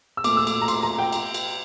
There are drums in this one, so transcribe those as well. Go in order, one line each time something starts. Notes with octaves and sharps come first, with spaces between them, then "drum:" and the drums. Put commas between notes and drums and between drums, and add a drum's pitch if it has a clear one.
E6
A#2 A3 D6, drum: cymbal
E6
D6, drum: cymbal
A#5
C6, drum: cymbal
A#5
G5
drum: cymbal
drum: cymbal